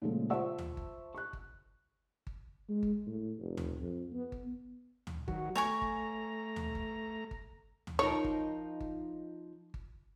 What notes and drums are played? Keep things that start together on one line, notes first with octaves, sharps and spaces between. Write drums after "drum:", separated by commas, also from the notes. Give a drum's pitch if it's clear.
A#2 C#3 F3 G#3 A3 A4
F4 C5 E5 A5 C#6 E6
drum: tom
drum: kick G1
C#6 F#6
drum: kick G1
drum: kick G1
G#3
drum: kick G1
A2
F1
drum: tom
F2
B3
drum: kick G1
drum: tom
D#3 F#3 F#4, drum: kick G1
A3 C#5 G#5 A#5 C#6
drum: kick G1
drum: tom
drum: kick G1
drum: kick G1
drum: tom
F3 D#4 A#4 C#5
drum: kick G1
drum: kick G1
drum: kick G1